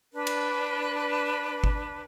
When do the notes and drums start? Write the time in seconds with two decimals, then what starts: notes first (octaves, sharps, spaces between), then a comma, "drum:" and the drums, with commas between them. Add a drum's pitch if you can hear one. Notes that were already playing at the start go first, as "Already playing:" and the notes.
0.12 D4 B4
0.27 drum: cymbal
1.64 drum: kick G1